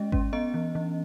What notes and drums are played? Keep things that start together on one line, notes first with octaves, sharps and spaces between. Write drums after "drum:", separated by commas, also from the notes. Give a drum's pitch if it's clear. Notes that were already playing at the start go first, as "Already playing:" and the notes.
Already playing: G#3 C#4 D#5
C#4, drum: kick G#1
B3 D#5
E3
E3